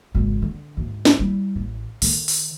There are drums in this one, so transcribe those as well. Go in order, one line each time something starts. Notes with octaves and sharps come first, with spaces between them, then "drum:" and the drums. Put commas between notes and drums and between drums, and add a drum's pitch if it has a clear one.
G#1 C#3
D3
D2 G#2
drum: snare
G3 E4
A1
D3 D#3, drum: open hi-hat
drum: open hi-hat